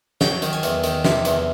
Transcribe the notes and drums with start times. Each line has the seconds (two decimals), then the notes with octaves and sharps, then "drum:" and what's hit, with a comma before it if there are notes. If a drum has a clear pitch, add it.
0.21 F#3 G5, drum: snare
0.42 D#3, drum: hi-hat
0.53 G#5
0.63 E2, drum: hi-hat
0.84 D#3, drum: hi-hat
1.05 C3, drum: snare
1.25 E2, drum: hi-hat